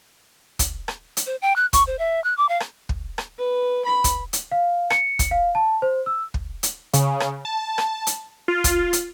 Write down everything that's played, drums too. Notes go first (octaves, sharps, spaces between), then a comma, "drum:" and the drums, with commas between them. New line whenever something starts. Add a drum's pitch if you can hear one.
drum: kick, hi-hat
drum: rim click
drum: hi-hat
C5
G5
F#6
C#6, drum: kick, hi-hat
C5
E5
F#6
D6
F5
drum: rim click
drum: kick
drum: rim click
B4
B5
drum: kick, hi-hat
drum: hi-hat
F5
C#7, drum: rim click
drum: kick, hi-hat
F5
A5
C5
E6
drum: kick
drum: hi-hat
C#3, drum: hi-hat
drum: rim click
A5
drum: rim click
drum: hi-hat
F4
drum: kick, hi-hat
drum: hi-hat